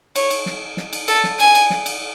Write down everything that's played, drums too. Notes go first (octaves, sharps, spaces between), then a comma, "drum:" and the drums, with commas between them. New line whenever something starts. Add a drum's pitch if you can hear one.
C#5, drum: cymbal
drum: cymbal
drum: snare
drum: snare
drum: cymbal
A4, drum: cymbal
drum: snare
G#5, drum: cymbal
drum: cymbal
drum: snare
drum: cymbal